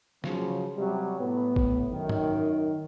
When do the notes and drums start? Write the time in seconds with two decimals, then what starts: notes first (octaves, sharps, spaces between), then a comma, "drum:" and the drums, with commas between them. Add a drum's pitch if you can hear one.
0.24 C#3 F3 F#3, drum: snare
0.77 C3 F#3 G3
1.19 A2 B3
1.56 drum: kick A1
1.92 F#2 D#3
2.09 drum: tom G#2